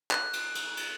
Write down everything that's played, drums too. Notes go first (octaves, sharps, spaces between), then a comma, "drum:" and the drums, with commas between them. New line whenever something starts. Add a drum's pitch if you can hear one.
F#6, drum: clap
drum: cymbal
drum: cymbal
drum: cymbal